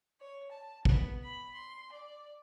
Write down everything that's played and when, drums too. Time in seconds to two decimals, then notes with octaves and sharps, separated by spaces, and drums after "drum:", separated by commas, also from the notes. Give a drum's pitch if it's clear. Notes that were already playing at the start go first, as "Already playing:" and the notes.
0.21 C#5
0.53 A5
0.85 B3, drum: kick
1.23 B5
1.54 C6
1.93 D5